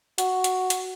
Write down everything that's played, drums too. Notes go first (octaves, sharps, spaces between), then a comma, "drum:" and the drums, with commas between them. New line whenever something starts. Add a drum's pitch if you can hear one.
F#4, drum: hi-hat
drum: hi-hat
drum: hi-hat